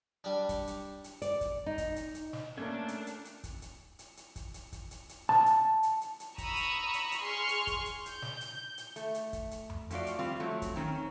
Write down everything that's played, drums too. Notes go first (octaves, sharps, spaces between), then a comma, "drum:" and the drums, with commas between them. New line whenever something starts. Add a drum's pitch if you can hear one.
G3 D4
drum: kick, hi-hat
drum: hi-hat
drum: hi-hat
D5, drum: hi-hat
drum: kick, hi-hat
D#4
drum: kick, hi-hat
drum: hi-hat
drum: hi-hat
drum: snare
A3 A#3 C#4 D4 A4 G#6
drum: hi-hat
drum: hi-hat
drum: hi-hat
drum: kick, hi-hat
drum: hi-hat
drum: hi-hat
drum: hi-hat
drum: kick, hi-hat
drum: hi-hat
drum: kick, hi-hat
drum: hi-hat
drum: hi-hat
A5, drum: snare
drum: hi-hat
drum: hi-hat
drum: hi-hat
drum: hi-hat
A#5 B5 C#6 D#6 E6, drum: kick, hi-hat
drum: hi-hat
drum: hi-hat
drum: hi-hat
G#4 C6 C#6 F6
drum: hi-hat
drum: kick, hi-hat
drum: hi-hat
G6, drum: hi-hat
drum: snare
drum: hi-hat
drum: hi-hat
A3, drum: hi-hat
drum: hi-hat
drum: kick, hi-hat
drum: hi-hat
drum: tom F2
F3 A3 F4 F#4 D5, drum: hi-hat
drum: hi-hat
G3 C4 F4
F3 F#3 A3
drum: kick, hi-hat
D#3 C4 C#4